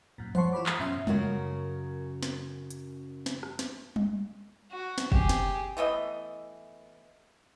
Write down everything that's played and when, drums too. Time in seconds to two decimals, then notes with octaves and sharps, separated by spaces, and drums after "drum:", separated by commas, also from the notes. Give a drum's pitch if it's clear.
0.18 F#2 A#2
0.35 C5 C#5 F#5 A5 C6 C#6, drum: tom E3
0.53 E4 F4 C5 B5 D6
0.66 A#5 D#6 F6 B6 C7, drum: clap
0.79 F#2 B2 C#4 E5 C6
1.07 F#2 C#3 F#4 A#4, drum: tom G3
2.23 drum: snare
2.70 drum: hi-hat
3.26 drum: snare
3.43 drum: rim click
3.59 drum: snare
3.96 drum: tom G3
4.72 F#4
4.98 drum: snare
5.12 G4 G#4, drum: kick
5.29 drum: snare
5.77 E3 A3 B3 D#5